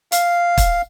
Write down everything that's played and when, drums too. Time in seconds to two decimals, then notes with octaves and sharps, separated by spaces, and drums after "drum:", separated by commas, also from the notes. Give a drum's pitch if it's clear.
0.12 F5, drum: hi-hat
0.58 drum: kick, hi-hat